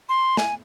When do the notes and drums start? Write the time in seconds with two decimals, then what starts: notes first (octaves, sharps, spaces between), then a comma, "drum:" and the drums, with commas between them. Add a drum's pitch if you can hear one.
0.09 C6
0.37 G#5, drum: snare